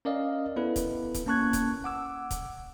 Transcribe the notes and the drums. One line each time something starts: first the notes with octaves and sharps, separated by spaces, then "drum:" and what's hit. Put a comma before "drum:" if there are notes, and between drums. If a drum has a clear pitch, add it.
C#4 A#4 D5 D#5 F5
B3 E4 A4 B4
drum: kick, hi-hat
drum: kick, hi-hat
A#3 C#4 A5 C#6 F#6 G#6
drum: kick, hi-hat
F#5 D6 E6
drum: kick, hi-hat